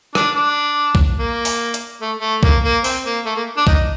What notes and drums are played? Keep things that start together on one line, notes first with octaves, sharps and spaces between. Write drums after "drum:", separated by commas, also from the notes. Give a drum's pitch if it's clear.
D4, drum: rim click
D4
drum: kick
A#3
drum: open hi-hat
drum: hi-hat
A3
A3
A#3, drum: kick
A#3
C4, drum: open hi-hat
A#3
A3
A#3
D4
D#4, drum: kick